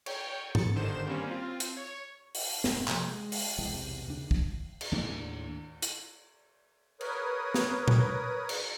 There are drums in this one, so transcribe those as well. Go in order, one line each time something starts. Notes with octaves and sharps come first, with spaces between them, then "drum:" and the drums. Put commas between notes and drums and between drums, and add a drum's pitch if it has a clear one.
C#5 G5, drum: cymbal
A6 C#7, drum: tom G#2
G1 D3 D#3 C5 E7
G3 A#3 C4 C#4
C4 F4
drum: hi-hat
C#5
drum: open hi-hat
F1 G#2 C3 A3, drum: snare
C3 F3 A#3, drum: clap
G#3
drum: open hi-hat
E1 C2 E3 G#3
B1 E2 C3
D#2 C#3 D4
drum: kick
drum: cymbal
D#2 A2 D4
drum: hi-hat
A#4 B4 C#5 D#6, drum: cymbal
drum: snare
drum: tom A#2
drum: cymbal